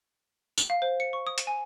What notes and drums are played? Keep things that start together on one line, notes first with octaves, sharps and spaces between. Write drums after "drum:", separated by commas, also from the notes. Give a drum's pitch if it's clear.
drum: tambourine
F5
C5
C#7
C#6
D#6
drum: hi-hat
G#5